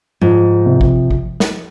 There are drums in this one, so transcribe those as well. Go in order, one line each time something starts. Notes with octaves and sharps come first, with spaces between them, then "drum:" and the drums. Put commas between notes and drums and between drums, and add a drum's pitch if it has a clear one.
G#2 F3
C3
drum: kick A1
drum: kick A1
drum: snare